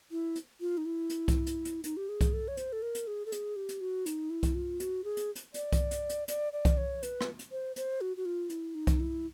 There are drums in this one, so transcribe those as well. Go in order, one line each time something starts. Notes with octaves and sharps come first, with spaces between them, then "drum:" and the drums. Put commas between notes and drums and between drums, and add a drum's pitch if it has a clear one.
E4
drum: hi-hat
F4
D#4
E4
drum: hi-hat
drum: kick C2, hi-hat
drum: hi-hat
drum: hi-hat
D#4, drum: hi-hat
G4
G#4
drum: kick C2, hi-hat
A4
C#5
C5, drum: hi-hat
A4
A#4
drum: hi-hat
G#4
A4
G#4, drum: hi-hat
G4
drum: hi-hat
F#4
D#4, drum: hi-hat
E4
drum: kick C2, hi-hat
F4
F#4, drum: hi-hat
G#4
drum: hi-hat
drum: hi-hat
D5, drum: hi-hat
drum: kick C2, hi-hat
drum: hi-hat
drum: hi-hat
D5, drum: hi-hat
D5
drum: kick C2, hi-hat
C#5
B4, drum: hi-hat
drum: rim click
drum: hi-hat
C5
C5, drum: hi-hat
F#4
F#4
F4
E4, drum: hi-hat
D#4
drum: kick C2, hi-hat
E4